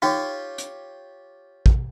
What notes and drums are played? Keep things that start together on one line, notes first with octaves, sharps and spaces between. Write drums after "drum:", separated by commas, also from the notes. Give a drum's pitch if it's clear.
D#4 F4 G4 C#5
drum: hi-hat
drum: kick